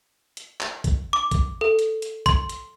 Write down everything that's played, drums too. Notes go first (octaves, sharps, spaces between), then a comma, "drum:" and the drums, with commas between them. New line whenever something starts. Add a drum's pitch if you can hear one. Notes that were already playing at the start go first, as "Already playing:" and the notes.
drum: hi-hat
drum: clap
drum: kick, hi-hat
D6
drum: kick, hi-hat
A4
drum: hi-hat
drum: hi-hat
C6, drum: kick, hi-hat
drum: hi-hat